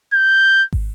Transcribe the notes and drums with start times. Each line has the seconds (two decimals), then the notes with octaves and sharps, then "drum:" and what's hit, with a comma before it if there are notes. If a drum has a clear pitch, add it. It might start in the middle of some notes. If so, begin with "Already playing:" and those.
0.13 G6
0.73 drum: kick